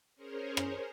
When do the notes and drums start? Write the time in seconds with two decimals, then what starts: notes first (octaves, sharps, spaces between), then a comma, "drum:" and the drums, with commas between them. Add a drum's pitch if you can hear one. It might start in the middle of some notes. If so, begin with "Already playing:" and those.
0.15 C#4 G#4 A#4 C5 C#5
0.57 drum: rim click